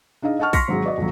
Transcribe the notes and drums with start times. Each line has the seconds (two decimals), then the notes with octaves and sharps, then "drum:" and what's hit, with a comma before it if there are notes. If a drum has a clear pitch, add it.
0.22 D4 D#4 G#4 D#5 F5
0.39 D#5 F#5 A5 C#6 F6
0.53 C6 C#6 F6 A#6 B6 C#7, drum: kick, open hi-hat
0.68 G#1 F#3 G#3
0.84 F#4 D5 D#5
0.98 D#1 F#3